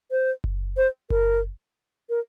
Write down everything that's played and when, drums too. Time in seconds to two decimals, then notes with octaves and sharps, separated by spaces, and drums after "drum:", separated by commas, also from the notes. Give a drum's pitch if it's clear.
0.11 C5
0.44 drum: kick F#1
0.77 C5
1.10 A#4, drum: kick F#1
2.10 A#4